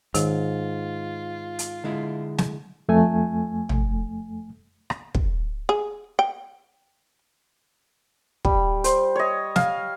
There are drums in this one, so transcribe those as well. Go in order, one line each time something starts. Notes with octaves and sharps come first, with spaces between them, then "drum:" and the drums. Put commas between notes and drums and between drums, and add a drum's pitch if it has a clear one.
G#2 D#3 F4, drum: hi-hat
drum: hi-hat
D3 G#3 E4
drum: snare
F2 A3 G#5
drum: tom
drum: rim click
drum: kick
G#4
G5
G3, drum: kick
C5, drum: hi-hat
C#5 D#5
F5, drum: snare